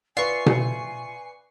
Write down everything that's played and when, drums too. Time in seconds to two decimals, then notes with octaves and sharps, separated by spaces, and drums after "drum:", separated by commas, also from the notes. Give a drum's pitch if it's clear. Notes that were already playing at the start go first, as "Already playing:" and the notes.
0.17 F4 B4 D5 E5 G#5 C#6 C7
0.46 drum: tom B2